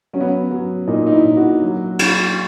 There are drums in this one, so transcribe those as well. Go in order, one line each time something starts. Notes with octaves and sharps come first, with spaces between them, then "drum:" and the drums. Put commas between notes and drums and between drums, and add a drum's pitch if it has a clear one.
F#3 C#4
B3
C#4
F#3
A#2 D#4
D#4
E4
A#2
F#4
F#3
F#3, drum: cymbal